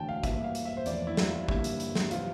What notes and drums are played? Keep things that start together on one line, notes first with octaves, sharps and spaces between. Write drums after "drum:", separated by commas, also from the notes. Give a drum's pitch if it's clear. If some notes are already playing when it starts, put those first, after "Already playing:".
Already playing: E1 E2 D3 A3 G5 A5
F5
G2 E3 A#3 E5, drum: kick, hi-hat
F5
drum: hi-hat
E5
C5
F1 E2 E3 A#3 D5, drum: hi-hat
E4
drum: snare
F4
G2 D3 G3 A#3 E4, drum: kick
drum: hi-hat
drum: hi-hat
drum: snare
C3 E3 F4, drum: hi-hat